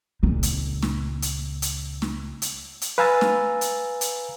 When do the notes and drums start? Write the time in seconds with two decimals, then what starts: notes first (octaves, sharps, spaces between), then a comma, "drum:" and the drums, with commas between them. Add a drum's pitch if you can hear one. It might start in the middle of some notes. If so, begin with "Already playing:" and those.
0.23 C#2 A#2 C4 D#4
0.43 drum: hi-hat
0.82 drum: snare
1.22 drum: hi-hat
1.62 drum: hi-hat
2.02 drum: snare
2.42 drum: hi-hat
2.81 drum: hi-hat
2.98 B4 F5 G#5 A#5 E6 A6
3.21 drum: snare
3.61 drum: hi-hat
4.01 drum: hi-hat